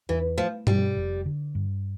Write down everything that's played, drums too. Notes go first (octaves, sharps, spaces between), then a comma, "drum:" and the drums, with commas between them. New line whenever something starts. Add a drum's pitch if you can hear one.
E2 E3
F3 A3
B2 G3, drum: tom G2
F1
D3
G2